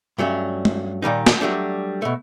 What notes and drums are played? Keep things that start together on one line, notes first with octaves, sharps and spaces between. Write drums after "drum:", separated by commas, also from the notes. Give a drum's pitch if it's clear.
G2 F#3 A3 C#4
drum: tom G#3
A#2 D#3 G3 D#4
drum: snare
F#3 G3 A3 D4
B2 A3